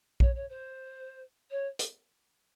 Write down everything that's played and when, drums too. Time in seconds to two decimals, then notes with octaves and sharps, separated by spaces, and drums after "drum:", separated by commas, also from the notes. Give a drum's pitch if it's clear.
0.20 C#5, drum: kick A#1
0.35 C#5
0.49 C5
1.50 C#5
1.79 drum: hi-hat